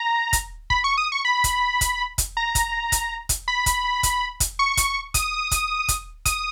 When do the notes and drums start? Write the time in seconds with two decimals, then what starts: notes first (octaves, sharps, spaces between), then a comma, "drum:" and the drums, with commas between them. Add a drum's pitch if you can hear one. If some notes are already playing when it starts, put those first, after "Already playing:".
Already playing: A#5
0.33 drum: kick, hi-hat
0.70 B5, drum: kick
0.84 C#6
0.98 D#6
1.12 C#6
1.25 B5
1.44 drum: kick, hi-hat
1.81 drum: kick, hi-hat
2.18 drum: kick, hi-hat
2.37 A#5
2.55 drum: kick, hi-hat
2.92 drum: kick, hi-hat
3.29 drum: kick, hi-hat
3.48 B5
3.66 drum: kick, hi-hat
4.03 drum: kick, hi-hat
4.40 drum: kick, hi-hat
4.59 C#6
4.77 drum: kick, hi-hat
5.14 D#6, drum: kick, hi-hat
5.51 drum: kick, hi-hat
5.88 drum: kick, hi-hat
6.25 D#6, drum: kick, hi-hat